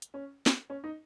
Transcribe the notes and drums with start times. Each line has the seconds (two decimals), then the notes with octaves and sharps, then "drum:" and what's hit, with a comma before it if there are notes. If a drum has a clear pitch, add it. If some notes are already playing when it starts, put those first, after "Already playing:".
0.02 drum: hi-hat
0.14 C#4
0.46 drum: snare
0.70 C#4
0.84 D#4